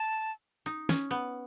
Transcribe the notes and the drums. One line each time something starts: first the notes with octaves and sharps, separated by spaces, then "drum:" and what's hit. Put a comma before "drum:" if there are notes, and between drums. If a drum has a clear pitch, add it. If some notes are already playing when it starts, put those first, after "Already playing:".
Already playing: A5
D#4, drum: hi-hat
C#4, drum: snare
B3, drum: hi-hat